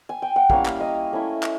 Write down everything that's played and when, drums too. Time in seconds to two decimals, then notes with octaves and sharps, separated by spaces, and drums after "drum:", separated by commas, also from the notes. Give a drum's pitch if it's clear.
0.09 G#5
0.22 G5
0.36 F#5
0.50 G3 A#3 C#4 E4 F5, drum: kick
0.65 drum: clap
0.80 D#5
1.12 A3 C#4 E4
1.43 drum: clap